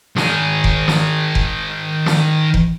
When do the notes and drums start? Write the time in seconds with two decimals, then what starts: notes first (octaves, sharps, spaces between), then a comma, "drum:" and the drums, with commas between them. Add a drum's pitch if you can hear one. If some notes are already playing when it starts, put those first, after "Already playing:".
0.17 D#3 G#4, drum: snare
0.64 drum: kick F1
0.88 drum: snare
1.35 drum: kick F1
2.06 drum: snare
2.54 drum: kick F1